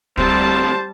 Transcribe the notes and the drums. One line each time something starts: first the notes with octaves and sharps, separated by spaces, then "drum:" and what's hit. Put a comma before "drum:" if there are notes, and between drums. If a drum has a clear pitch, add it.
D2 G3 C4 C5 A5, drum: kick